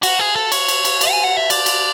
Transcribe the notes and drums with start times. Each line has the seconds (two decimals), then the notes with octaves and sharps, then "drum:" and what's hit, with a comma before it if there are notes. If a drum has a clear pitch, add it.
0.03 F#4, drum: cymbal
0.19 G#4
0.36 A4
0.52 C#5, drum: cymbal
0.68 drum: cymbal
0.85 drum: cymbal
1.01 drum: cymbal
1.11 G#5
1.24 F#5
1.37 E5
1.50 D5, drum: cymbal
1.66 drum: cymbal